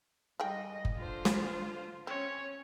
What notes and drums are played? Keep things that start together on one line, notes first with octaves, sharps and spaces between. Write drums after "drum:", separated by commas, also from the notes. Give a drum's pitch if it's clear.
D#3 G3 G#4 D#5 G5
drum: kick F#1
D3 F4 C5
drum: snare
C4 C#4 C#5